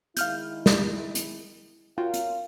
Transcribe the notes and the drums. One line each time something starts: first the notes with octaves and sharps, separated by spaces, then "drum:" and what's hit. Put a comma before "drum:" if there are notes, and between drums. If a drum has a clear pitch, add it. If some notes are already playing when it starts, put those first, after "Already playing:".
D#3 G#3 E4 F5 F6 G6, drum: hi-hat
drum: snare
drum: hi-hat
F4 F#4 A#4 C#5 F5 G5
drum: hi-hat